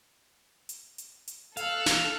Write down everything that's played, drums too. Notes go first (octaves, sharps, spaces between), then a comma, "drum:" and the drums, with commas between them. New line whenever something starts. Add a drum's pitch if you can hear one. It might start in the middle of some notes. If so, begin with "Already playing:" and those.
drum: hi-hat
drum: hi-hat
drum: hi-hat
A4 F5 E6 F#6, drum: hi-hat
drum: snare